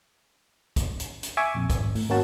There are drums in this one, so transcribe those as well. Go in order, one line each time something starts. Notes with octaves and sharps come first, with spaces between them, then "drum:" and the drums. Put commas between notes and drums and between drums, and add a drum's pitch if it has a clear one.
drum: kick, hi-hat
drum: hi-hat
drum: hi-hat
E5 G#5 C#6 D6
A#1 F2
G#1, drum: kick, hi-hat
A2, drum: open hi-hat
G#1 A#3 C#4 F#4 A5